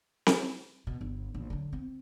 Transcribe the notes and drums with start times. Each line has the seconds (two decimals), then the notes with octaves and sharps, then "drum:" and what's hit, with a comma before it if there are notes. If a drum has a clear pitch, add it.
0.27 drum: snare C4
0.87 B2
1.01 G1
1.34 A#1
1.50 D3 F#3
1.73 C4